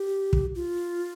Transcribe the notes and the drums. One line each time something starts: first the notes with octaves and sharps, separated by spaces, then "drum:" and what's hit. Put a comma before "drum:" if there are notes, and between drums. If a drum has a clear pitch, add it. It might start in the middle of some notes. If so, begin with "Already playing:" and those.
Already playing: G4
drum: kick
F4